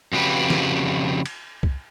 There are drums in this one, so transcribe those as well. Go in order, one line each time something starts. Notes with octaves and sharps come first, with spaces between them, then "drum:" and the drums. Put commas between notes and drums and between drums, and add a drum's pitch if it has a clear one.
F2 C#3 F#4 G4 B4
drum: snare
drum: cymbal
drum: kick C2